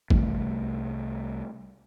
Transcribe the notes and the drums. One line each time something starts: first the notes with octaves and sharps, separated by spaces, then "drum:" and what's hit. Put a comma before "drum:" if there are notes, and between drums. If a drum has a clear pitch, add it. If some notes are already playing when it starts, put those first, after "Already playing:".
C2 G3 A3, drum: kick